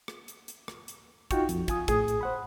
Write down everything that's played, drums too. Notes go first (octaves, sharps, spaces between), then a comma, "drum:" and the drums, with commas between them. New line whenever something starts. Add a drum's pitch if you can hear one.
drum: rim click
drum: hi-hat
drum: hi-hat
drum: rim click
drum: hi-hat
D#4 F4 F#4 G5 C#6, drum: kick, hi-hat
F2, drum: hi-hat
F4 G#5 D#6, drum: kick, hi-hat
A2 G#4 D#6, drum: kick, hi-hat
drum: hi-hat
C5 F#5 B5